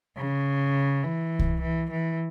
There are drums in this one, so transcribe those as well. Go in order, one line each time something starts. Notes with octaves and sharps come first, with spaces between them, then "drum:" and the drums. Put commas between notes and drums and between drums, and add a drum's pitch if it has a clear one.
C#3
E3
drum: kick C2
E3
E3